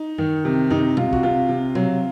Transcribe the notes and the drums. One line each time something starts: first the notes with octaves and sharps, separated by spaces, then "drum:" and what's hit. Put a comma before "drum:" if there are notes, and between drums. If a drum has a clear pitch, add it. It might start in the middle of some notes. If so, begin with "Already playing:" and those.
Already playing: D#4
D#3, drum: tom F#2
C3
C3 D#4, drum: tom F#2
C3 F4, drum: tom B2
F#4, drum: kick
C3 F4
C3
F#3, drum: tom B2